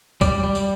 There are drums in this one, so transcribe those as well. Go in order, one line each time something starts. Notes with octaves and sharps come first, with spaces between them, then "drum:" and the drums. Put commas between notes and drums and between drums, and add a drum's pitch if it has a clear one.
G3 D5, drum: kick, tambourine
G3
drum: tambourine